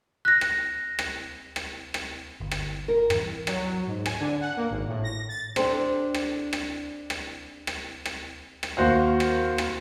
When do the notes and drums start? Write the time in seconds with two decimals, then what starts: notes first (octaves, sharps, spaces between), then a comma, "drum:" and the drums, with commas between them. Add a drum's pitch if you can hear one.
0.25 F#6 A#6
0.41 drum: rim click
0.99 drum: rim click
1.56 drum: rim click
1.94 drum: rim click
2.40 G1
2.51 drum: rim click
2.88 A#4
3.10 G2 E3, drum: rim click
3.47 F#3, drum: rim click
3.87 G#2
4.06 G#5, drum: rim click
4.20 D3
4.41 F#5
4.57 A#3
4.71 G#1
4.88 A2
5.03 A#6
5.29 A6
5.56 D4 G4 A4 C5, drum: rim click
6.14 drum: rim click
6.53 drum: rim click
7.10 drum: rim click
7.67 drum: rim click
8.05 drum: rim click
8.63 drum: rim click
8.77 D#2 F#4 C5 F5
9.20 drum: rim click
9.58 drum: rim click